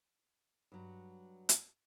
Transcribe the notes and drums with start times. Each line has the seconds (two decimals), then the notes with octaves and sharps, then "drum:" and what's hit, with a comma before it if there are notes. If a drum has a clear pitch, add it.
0.72 G2 F#3
1.49 drum: hi-hat